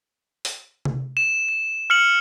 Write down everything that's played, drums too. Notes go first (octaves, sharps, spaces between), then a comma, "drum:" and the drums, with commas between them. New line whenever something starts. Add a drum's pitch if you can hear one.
drum: open hi-hat
drum: tom C3
E7
E7
F6 C#7 F#7